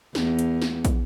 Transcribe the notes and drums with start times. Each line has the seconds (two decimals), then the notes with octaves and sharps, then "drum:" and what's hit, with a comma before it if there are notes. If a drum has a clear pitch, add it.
0.15 E2, drum: snare
0.39 drum: hi-hat
0.62 drum: snare
0.85 drum: kick, hi-hat